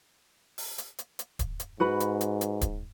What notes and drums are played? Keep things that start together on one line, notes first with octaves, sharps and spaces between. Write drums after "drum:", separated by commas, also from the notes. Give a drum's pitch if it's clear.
drum: open hi-hat
drum: hi-hat
drum: hi-hat
drum: hi-hat
drum: kick D1, hi-hat
drum: hi-hat
G#2 F#4 B4 B5
drum: hi-hat
drum: hi-hat
drum: hi-hat
drum: kick D1, hi-hat